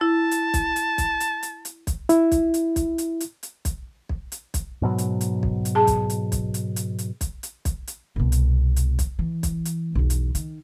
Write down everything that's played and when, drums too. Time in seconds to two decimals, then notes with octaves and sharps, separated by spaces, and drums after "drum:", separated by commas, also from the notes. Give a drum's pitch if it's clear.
0.01 E4 A5
0.31 drum: hi-hat
0.54 drum: kick B1, hi-hat
0.76 drum: hi-hat
0.98 drum: kick B1, hi-hat
1.20 drum: hi-hat
1.43 drum: hi-hat
1.65 drum: hi-hat
1.87 drum: kick B1, hi-hat
2.09 E4, drum: hi-hat
2.32 drum: kick B1, hi-hat
2.54 drum: hi-hat
2.76 drum: kick B1, hi-hat
2.98 drum: hi-hat
3.20 drum: hi-hat
3.43 drum: hi-hat
3.65 drum: kick B1, hi-hat
4.09 drum: kick B1
4.32 drum: hi-hat
4.54 drum: kick B1, hi-hat
4.82 G#2 B2 F#3
4.98 drum: hi-hat
5.21 drum: hi-hat
5.43 drum: kick B1
5.65 drum: hi-hat
5.75 G#4 A5
5.87 drum: kick B1, hi-hat
6.10 drum: hi-hat
6.32 drum: kick B1, hi-hat
6.54 drum: hi-hat
6.76 drum: hi-hat
6.99 drum: hi-hat
7.21 drum: kick B1, hi-hat
7.43 drum: hi-hat
7.65 drum: kick B1, hi-hat
7.87 drum: hi-hat
8.16 C2 B2
8.32 drum: hi-hat
8.76 drum: hi-hat
8.99 drum: kick B1, hi-hat
9.19 E3
9.43 drum: kick B1, hi-hat
9.65 drum: hi-hat
9.95 B1 E2
10.10 drum: hi-hat
10.35 D#3, drum: hi-hat